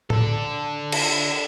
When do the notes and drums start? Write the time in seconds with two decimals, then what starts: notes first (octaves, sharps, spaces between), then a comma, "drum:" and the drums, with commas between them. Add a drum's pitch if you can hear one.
0.10 D4 A4, drum: tom A2
0.92 drum: cymbal